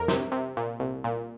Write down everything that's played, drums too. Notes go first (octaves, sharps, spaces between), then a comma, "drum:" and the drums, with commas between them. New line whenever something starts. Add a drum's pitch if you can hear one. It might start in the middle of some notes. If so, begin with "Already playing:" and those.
Already playing: F2 A#4
C3, drum: snare
C3
A#2
C2
A#2